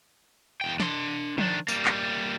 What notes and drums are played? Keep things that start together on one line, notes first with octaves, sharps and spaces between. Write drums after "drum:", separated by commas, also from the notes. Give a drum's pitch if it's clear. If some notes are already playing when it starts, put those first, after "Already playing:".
E2 G5
D4 C6, drum: snare
D#3 D4, drum: tom F3
G3 A#3, drum: tambourine
drum: clap